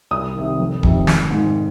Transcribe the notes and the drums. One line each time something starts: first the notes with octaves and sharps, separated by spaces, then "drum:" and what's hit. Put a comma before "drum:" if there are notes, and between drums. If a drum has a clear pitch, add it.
C2 D#6
C3 D#3
F1
F2 C3 D#3, drum: kick
G#1, drum: snare
G#2 D#3